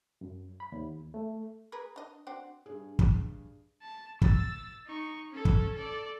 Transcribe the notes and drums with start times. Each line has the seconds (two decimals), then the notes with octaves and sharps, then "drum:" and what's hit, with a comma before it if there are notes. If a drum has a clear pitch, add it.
0.21 F#2
0.60 B5
0.72 D#2
1.14 A3
1.72 G#4 A#4 B4
1.96 D4 D#5
2.27 C4 D4 F#4
2.66 G2 G#4
2.99 drum: kick
3.82 A5
4.22 E6 A6, drum: kick
4.87 D#4 C#6
5.31 C#4 A4
5.45 drum: kick
5.75 A4 D5